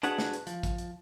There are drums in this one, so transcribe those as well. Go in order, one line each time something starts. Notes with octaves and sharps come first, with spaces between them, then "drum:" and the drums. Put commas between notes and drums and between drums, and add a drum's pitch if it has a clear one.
D4 F#4 G#4 B4 F#5, drum: hi-hat
drum: snare
drum: hi-hat
F3, drum: hi-hat
drum: kick, hi-hat
drum: hi-hat